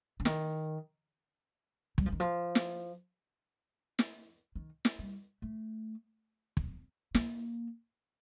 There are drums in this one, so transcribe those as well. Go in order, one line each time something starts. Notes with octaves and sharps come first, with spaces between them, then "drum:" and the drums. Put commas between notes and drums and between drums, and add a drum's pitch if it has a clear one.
D3
D#3, drum: snare
G3, drum: kick
F3
D#3
F3
drum: snare
drum: snare
D#3
drum: snare
G3
A3
drum: kick
A#3, drum: snare